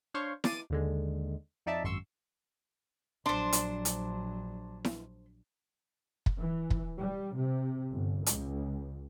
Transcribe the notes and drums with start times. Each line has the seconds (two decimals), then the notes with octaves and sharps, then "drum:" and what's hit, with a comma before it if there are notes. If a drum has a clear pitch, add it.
0.14 D4 C5 C#5 F5 C6 C#6
0.44 D6 A6 C7 D#7, drum: snare E4
0.70 D#2 D3 G#3
1.66 F2 D#4 D5 E5 A5
1.84 G#1 F#2 C6 C#6 E6
3.26 A#1 F#3 D4 C5 C6
3.53 drum: hi-hat
3.85 drum: hi-hat
4.85 drum: snare E4
6.26 drum: kick
6.39 E3
6.70 drum: kick
6.99 G3
7.35 C3
7.93 G1
8.26 C#2, drum: hi-hat